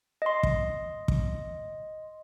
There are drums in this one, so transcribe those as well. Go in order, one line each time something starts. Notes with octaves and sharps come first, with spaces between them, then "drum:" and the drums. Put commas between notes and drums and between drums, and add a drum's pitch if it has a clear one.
D#5 C6
drum: kick
drum: kick